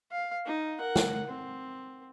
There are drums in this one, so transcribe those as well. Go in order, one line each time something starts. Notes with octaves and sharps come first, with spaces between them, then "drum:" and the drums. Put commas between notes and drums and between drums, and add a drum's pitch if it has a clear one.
F5
D#4
A#4 F#5
drum: snare
C4